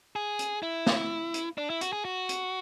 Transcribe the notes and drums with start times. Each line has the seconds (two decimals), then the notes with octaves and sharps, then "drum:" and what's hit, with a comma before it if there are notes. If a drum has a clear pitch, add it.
0.16 G#4
0.39 drum: hi-hat
0.63 E4
0.86 drum: snare
1.34 drum: hi-hat
1.58 D4
1.70 E4
1.81 F#4, drum: hi-hat
1.93 G#4
2.05 F#4
2.29 drum: hi-hat